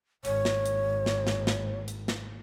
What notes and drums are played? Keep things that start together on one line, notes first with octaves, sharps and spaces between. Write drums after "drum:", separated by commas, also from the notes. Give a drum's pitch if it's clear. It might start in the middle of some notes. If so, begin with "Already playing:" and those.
G#1 C#5, drum: hi-hat
drum: snare
drum: hi-hat
drum: snare
drum: snare
drum: snare
drum: hi-hat
drum: snare